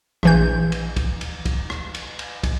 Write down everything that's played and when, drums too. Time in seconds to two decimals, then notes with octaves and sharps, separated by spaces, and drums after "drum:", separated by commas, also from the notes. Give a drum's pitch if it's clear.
0.23 A#1 E3 G6, drum: rim click
0.72 drum: cymbal
0.96 drum: kick, cymbal
1.21 drum: cymbal
1.45 drum: kick, cymbal
1.70 drum: rim click
1.94 drum: cymbal
2.19 drum: cymbal
2.43 drum: kick, cymbal